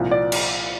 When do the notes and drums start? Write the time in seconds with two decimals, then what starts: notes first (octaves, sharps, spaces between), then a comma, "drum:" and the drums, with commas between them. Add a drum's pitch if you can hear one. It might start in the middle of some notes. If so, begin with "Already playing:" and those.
Already playing: C2 A#2 F3
0.11 D5
0.32 drum: cymbal